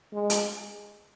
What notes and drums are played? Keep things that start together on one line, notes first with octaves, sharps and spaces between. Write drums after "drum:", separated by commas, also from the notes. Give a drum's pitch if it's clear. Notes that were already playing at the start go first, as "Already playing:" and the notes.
G#3
drum: hi-hat